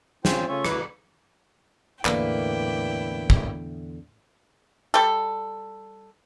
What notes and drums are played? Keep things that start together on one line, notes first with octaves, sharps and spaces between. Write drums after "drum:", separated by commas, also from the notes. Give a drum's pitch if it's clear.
C4 C#4 F4 C5 G5, drum: snare
C#3 A3 C#4 F4 C#5 E5
D2 E4 B4, drum: rim click
E2 A2 D3 A#3 E4 B4 D5 G5, drum: clap
drum: kick
G3 A4